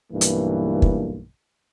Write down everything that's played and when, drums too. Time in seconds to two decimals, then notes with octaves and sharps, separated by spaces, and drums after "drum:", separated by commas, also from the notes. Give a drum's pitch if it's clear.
0.12 B1 G2 E3 A#3
0.21 drum: hi-hat
0.82 drum: kick